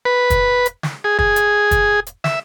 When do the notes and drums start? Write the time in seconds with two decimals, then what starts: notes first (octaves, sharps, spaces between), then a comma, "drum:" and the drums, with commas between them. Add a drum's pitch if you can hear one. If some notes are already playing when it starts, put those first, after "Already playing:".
0.05 B4
0.30 drum: kick, hi-hat
0.66 drum: hi-hat
0.83 drum: snare
1.04 G#4
1.19 G#4, drum: kick
1.36 drum: hi-hat
1.71 drum: kick, hi-hat
2.07 drum: hi-hat
2.24 E5, drum: snare